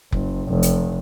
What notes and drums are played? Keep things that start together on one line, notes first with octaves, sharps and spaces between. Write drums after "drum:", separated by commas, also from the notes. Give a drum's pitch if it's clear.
F#1, drum: kick F1
F1
drum: hi-hat